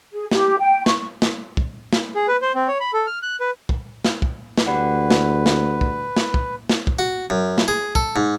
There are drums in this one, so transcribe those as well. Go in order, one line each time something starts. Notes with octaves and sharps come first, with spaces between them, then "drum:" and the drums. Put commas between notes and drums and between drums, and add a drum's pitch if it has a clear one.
G#4
G4, drum: snare
G5
C#6, drum: snare
drum: snare
drum: kick
drum: snare
G#4
B4
C5
C4
C#5
B5
A4
F6
F#6
B4
drum: kick
drum: snare
drum: kick
drum: snare
D2 G4 B4 D5 F#5
drum: snare
drum: snare
drum: kick
drum: snare
drum: kick
drum: snare
drum: kick
F#4
F#2
drum: snare
G#4
A4, drum: kick
G#2